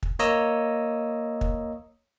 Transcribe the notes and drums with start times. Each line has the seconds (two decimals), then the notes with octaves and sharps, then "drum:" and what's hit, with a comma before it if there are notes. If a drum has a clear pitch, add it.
0.03 drum: kick
0.19 A#3 C#5 D#5 A#5 D#6 E6, drum: hi-hat
1.41 drum: kick